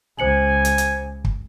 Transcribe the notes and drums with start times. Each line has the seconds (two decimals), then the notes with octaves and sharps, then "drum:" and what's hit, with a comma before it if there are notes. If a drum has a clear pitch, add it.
0.19 C#2 C5 G#5 C#7 F#7
0.65 drum: hi-hat
0.78 drum: hi-hat
1.25 drum: kick